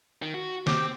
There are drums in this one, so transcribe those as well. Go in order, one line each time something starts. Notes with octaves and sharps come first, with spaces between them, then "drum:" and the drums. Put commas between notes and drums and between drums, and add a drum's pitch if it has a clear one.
D#3
F#4
C4 G4 G5, drum: snare